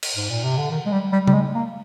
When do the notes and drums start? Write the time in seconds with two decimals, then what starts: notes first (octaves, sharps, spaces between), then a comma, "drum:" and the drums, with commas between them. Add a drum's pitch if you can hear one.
0.03 drum: cymbal
0.16 G#2
0.29 A#2
0.44 C3
0.57 D3
0.71 D#3
0.86 G#3
0.92 G3
1.12 G3
1.27 G3, drum: tom C#3
1.34 G#3
1.55 A#3